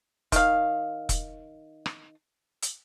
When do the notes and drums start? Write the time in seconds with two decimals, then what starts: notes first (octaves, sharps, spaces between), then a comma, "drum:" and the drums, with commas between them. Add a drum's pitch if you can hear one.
0.32 D#3 F5, drum: kick E1, hi-hat
1.09 drum: kick E1, hi-hat
1.86 drum: rim click
2.62 drum: hi-hat